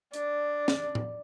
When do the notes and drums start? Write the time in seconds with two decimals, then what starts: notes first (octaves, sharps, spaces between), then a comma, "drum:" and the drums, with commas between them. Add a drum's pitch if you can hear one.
0.13 D4, drum: hi-hat
0.68 drum: snare
0.95 drum: tom A2